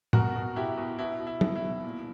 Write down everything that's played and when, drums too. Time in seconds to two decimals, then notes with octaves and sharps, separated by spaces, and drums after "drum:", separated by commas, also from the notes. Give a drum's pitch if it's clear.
0.13 B2 F#4 A#4, drum: tom
0.36 B2
0.56 B2 E4 G4
0.77 B2
0.99 B2 E4
1.20 B2
1.27 E4
1.41 B2, drum: tom
1.56 E4
1.63 B2
1.84 A#2